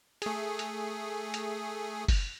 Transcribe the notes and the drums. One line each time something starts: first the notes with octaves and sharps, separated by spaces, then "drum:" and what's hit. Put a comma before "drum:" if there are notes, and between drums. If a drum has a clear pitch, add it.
A3 G#4, drum: hi-hat
drum: hi-hat
drum: hi-hat
drum: kick F#1, open hi-hat